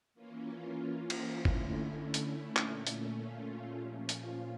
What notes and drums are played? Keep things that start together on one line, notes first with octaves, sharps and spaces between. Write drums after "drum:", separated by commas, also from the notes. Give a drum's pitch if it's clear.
E3 A#3 C#4 F4
F4
drum: cymbal
D3 A3 C#4 E4
drum: kick
drum: hi-hat
A#2 A3 C#4, drum: clap
drum: hi-hat
F4
A#2 F3 C#4 G4
F4, drum: hi-hat